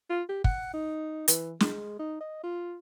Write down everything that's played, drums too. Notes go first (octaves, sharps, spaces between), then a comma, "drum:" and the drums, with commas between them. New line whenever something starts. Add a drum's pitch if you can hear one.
F4
G4
F#5, drum: kick
D#4
E3, drum: hi-hat
G#3, drum: snare
D#4
D#5
F4